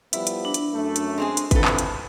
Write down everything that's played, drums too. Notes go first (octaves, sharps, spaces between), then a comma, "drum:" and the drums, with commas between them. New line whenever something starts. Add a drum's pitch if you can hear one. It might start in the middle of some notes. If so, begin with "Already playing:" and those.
F3 G3 B3 E4, drum: hi-hat
drum: hi-hat
D4
drum: hi-hat
F#2 A3
drum: hi-hat
G#3 C4 G#4
drum: hi-hat
E3 C4 F4 A4 B4, drum: kick G#1, hi-hat
drum: clap
drum: hi-hat